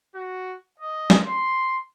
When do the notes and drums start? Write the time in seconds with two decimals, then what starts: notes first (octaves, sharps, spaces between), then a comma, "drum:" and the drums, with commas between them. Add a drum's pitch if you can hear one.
0.15 F#4
0.79 D#5
1.10 drum: snare
1.26 C6